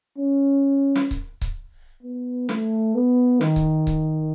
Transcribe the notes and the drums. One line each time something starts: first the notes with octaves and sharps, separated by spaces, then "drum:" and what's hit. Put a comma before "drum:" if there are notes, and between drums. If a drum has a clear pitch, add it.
C#4
drum: snare
drum: kick C#1
drum: kick C#1
B3
A3, drum: snare
B3
D#3, drum: snare
drum: kick C#1
drum: kick C#1